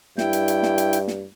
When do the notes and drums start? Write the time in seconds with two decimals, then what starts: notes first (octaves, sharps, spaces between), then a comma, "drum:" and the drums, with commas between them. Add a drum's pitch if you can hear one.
0.18 G2 E4 G5, drum: snare
0.33 drum: hi-hat
0.48 drum: hi-hat
0.63 drum: snare
0.78 drum: hi-hat
0.93 drum: hi-hat
1.08 drum: snare